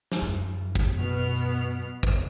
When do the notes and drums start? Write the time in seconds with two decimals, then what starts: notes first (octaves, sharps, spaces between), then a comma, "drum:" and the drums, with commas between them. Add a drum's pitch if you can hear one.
0.12 drum: snare
0.22 F#2
0.75 drum: kick
0.97 B2 B3 F6
2.03 drum: kick